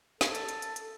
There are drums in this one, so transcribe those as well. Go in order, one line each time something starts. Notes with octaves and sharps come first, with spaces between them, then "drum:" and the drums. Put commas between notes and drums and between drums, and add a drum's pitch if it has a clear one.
A4, drum: snare
drum: hi-hat
drum: hi-hat
drum: hi-hat
drum: hi-hat